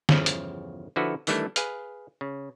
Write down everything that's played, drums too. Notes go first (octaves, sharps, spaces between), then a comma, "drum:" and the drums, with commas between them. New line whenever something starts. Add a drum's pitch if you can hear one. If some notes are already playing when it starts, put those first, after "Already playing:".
G1 E2 C#3 F3, drum: snare
drum: hi-hat
D3 F3 E4 F#4 A4 B4
D#3 E3 G3 A3 D4 E4, drum: tambourine
G#4 B4 F5, drum: hi-hat
C#3